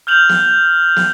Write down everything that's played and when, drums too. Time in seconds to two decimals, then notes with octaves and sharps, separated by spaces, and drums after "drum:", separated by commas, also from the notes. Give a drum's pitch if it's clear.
0.07 F6 G6 F7 F#7
0.29 drum: snare
0.96 drum: snare